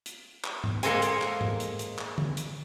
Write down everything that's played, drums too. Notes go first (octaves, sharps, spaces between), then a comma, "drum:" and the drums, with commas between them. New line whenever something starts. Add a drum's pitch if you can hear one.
drum: hi-hat
drum: clap
drum: tom G#2
G#3 A#3 A4 A#4 C5 G#5, drum: hi-hat
drum: hi-hat
drum: clap
drum: tom G#2
drum: hi-hat
drum: hi-hat
drum: clap
drum: tom
drum: hi-hat